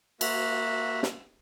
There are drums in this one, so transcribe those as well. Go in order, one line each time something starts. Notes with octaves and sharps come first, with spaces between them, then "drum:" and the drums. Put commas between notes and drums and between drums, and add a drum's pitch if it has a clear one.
A#3 F#4 E5, drum: cymbal
drum: snare